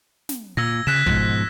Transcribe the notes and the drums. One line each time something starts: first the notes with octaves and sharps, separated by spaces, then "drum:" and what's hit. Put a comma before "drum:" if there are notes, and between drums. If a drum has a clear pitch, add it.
drum: snare
A#2 E6 G#6 A#6
C#3 F#6 B6 E7
G#2 B2 F3, drum: kick